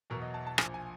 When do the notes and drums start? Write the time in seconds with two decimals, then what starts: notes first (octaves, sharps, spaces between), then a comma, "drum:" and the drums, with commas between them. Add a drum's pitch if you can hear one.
0.10 E2 B2 F#3 A#4
0.22 D#5
0.34 A5
0.47 A5
0.58 A#1 A#2 F3 G#5, drum: rim click
0.74 G#5